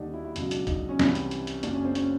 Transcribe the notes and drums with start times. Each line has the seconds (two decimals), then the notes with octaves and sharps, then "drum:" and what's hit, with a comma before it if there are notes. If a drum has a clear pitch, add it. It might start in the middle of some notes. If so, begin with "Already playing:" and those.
Already playing: D#2 D3 G3 D4 D#4 G4
0.14 E4
0.25 E4
0.36 C#2 B2 F#3, drum: hi-hat
0.51 D4, drum: hi-hat
0.67 D#4, drum: kick C2, hi-hat
0.89 C#4
0.99 C2 C3 E3 G3, drum: snare
1.15 drum: hi-hat
1.31 drum: hi-hat
1.47 drum: hi-hat
1.63 F#1 F#2 C#3 D4, drum: hi-hat
1.74 C#4
1.85 C4
1.95 C#4, drum: hi-hat